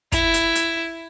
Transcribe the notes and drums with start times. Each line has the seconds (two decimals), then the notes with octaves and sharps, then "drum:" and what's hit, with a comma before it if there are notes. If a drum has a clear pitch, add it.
0.12 E4, drum: kick, hi-hat
0.34 drum: hi-hat
0.55 drum: hi-hat